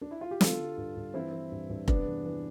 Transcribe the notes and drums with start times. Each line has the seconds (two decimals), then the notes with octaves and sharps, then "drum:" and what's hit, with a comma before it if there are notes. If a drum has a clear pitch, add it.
0.01 D4
0.11 E4
0.21 F4
0.31 G4
0.41 D3 F4 A4, drum: snare
0.59 D3
0.78 G2
0.96 G2
1.14 E3 C4 E4
1.33 E3
1.52 G2
1.69 G2
1.88 C3 B3 D4, drum: kick F1
2.06 E2
2.25 E3